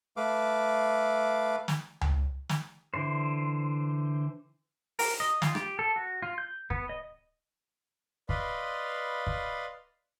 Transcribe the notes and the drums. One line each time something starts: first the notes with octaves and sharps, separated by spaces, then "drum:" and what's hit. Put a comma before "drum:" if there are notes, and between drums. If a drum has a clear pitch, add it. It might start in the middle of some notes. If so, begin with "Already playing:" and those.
A3 B4 F5 D6
drum: snare
drum: tom C#2
drum: snare
D3 E3 C5
A#4, drum: open hi-hat
D#5
F4, drum: snare
G4, drum: rim click
A4
F#4
F4
G6
B3, drum: kick
D#5
B4 D5 D#5 F5 B5 C6, drum: kick
drum: kick